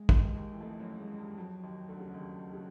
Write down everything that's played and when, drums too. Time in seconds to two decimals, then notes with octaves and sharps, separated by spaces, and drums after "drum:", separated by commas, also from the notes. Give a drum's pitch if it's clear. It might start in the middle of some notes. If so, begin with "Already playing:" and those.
Already playing: G#3
0.09 D#2 D#3, drum: kick
0.35 D#2 D#3
0.53 E3
0.60 F2 F3 A3
0.80 F#2 F#3
0.99 G#3
1.18 G2 G3
1.38 F2 F3 F#3
1.63 D#2 D#3
1.89 D2 D3
2.00 C#3
2.07 D3
2.14 D#2 D#3
2.53 C#3